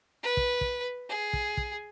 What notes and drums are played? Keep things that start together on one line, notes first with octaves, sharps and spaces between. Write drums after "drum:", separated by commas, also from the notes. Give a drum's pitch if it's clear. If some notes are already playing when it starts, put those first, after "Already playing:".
B4
drum: kick
drum: kick
G#4
drum: kick
drum: kick